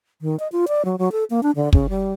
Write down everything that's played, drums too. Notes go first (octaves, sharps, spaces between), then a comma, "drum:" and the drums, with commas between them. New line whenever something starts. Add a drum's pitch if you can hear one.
D#3
D#5
F4
D5
F#3
F#3
A4
A#3
D4
D3
C#3, drum: kick
G3